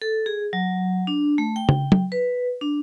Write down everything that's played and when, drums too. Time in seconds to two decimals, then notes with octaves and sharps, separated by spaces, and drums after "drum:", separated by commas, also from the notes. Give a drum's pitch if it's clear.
0.02 A4
0.26 G#4
0.53 F#3
1.07 D4
1.38 A3
1.56 G5
1.69 drum: tom C#3
1.92 drum: tom
2.12 B4
2.61 D4